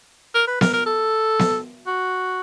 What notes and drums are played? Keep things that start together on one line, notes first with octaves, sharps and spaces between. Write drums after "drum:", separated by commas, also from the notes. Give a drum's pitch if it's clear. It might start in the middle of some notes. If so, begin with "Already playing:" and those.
A#4
B4
A#4, drum: snare B3
A#4
A4
drum: snare B3
F#4